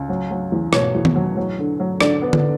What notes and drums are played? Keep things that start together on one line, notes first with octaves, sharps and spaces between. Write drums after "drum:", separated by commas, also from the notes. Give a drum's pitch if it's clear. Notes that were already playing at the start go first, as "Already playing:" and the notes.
Already playing: C#2
F#3
F#3
E2
B2 C#5, drum: rim click
E2
drum: tom D#3
F#3
F#3
D3
F#3
D3 D5, drum: rim click
B3
drum: tom D3